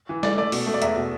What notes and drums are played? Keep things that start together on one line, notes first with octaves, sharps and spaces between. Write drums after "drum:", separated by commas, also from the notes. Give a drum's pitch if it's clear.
E3
A3 D5, drum: snare
A3 D5
B2, drum: open hi-hat
A3
D5
E2 E5, drum: hi-hat
B2